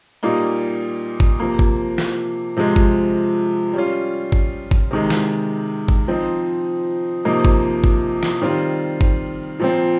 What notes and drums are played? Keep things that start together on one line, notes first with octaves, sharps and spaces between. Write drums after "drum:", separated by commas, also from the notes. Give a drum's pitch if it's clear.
A#2 G3 A#3 D#4
drum: kick G1
C3 F3 A#3
drum: kick G1
drum: snare
C3 F3 G#3
drum: kick G1
G3 C#4 F4
drum: kick G1
drum: kick G1
C3 D#3 G#3
drum: snare
drum: kick G1
F3 C4 D#4
C3 F3 A#3 D#4
drum: kick G1
drum: kick G1
drum: snare
D#3 G3 C4 F4
drum: kick G1
A#2 F3 C4